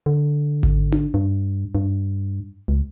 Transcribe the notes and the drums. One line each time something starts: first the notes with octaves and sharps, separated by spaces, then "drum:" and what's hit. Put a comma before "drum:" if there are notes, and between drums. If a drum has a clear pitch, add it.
D3
drum: kick G#1
drum: tom D4
G2
G2
C#2